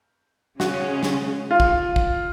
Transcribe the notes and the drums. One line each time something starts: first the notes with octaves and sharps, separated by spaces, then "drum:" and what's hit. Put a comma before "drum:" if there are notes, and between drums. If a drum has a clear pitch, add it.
C#3 G#3 C#4 F#4, drum: snare
drum: snare
F4
drum: kick
drum: kick